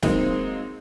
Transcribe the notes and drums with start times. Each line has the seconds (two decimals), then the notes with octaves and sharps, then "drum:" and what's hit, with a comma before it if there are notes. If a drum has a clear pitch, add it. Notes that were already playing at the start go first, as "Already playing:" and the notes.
0.03 F#3 G#3 A#3 C4 D#4, drum: snare